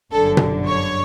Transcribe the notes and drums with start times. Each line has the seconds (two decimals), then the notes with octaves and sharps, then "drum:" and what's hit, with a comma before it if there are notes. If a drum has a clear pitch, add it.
0.12 G1 F#2 D3 A4
0.37 drum: tom B2
0.67 C#5